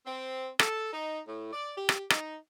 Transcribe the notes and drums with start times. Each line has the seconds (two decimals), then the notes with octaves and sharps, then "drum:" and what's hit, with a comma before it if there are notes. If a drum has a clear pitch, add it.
0.06 C4
0.59 A4, drum: rim click
0.93 D#4
1.28 A2
1.53 D5
1.77 G4
1.89 drum: rim click
2.10 D#4, drum: rim click